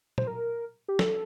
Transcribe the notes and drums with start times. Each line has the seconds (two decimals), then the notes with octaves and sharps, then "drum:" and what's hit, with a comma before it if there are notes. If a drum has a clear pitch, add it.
0.18 C5, drum: tom A#2
0.27 A#4
0.88 G4
0.99 A4, drum: snare